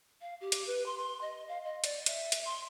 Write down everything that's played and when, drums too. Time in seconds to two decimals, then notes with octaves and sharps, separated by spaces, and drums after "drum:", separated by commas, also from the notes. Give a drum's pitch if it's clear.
0.21 F5
0.41 G4
0.52 drum: hi-hat
0.67 B4
0.86 C6
0.98 C6
1.21 D#5
1.48 F5
1.65 D#5
1.84 D5, drum: hi-hat
2.06 E5, drum: hi-hat
2.32 drum: hi-hat
2.45 C6